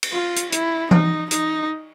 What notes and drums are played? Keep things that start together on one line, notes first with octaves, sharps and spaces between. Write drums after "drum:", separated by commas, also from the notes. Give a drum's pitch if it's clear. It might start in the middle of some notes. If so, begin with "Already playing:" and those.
drum: cymbal
F4
drum: hi-hat
E4, drum: hi-hat
D#4, drum: tom E3
D#4, drum: hi-hat